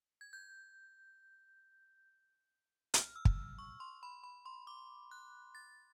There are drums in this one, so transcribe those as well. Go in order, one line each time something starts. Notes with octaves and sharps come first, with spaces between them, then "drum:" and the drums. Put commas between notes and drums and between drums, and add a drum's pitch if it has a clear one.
G#6
G6
F6, drum: hi-hat
E6
drum: kick
C#6
C6
B5
B5
C6
D6
F#6
A6